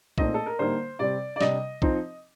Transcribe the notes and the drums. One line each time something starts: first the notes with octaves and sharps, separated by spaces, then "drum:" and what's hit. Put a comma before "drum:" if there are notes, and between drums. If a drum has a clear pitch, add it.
A#2 A3 C4 D#4 D#5, drum: kick B1
A4
A#4
D3 G3 A#3 D#4 C5
C3 G3 C4 D5
D5
C3 G3 D4 D#5, drum: snare
F3 C4 D#4, drum: kick B1